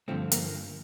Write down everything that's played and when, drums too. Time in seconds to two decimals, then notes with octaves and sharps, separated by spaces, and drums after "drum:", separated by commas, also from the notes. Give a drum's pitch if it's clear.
0.08 G2 D3 F3 A3 C4
0.32 A#3, drum: hi-hat